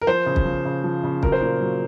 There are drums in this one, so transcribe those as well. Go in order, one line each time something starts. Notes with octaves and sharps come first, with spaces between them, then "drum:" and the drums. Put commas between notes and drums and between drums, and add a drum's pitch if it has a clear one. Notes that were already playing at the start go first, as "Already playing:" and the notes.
A#4
F3 C5
C#3
drum: kick
F3
C#3
F3
C#3
F#3 A#4, drum: kick
C5
A#2 A#4
F#3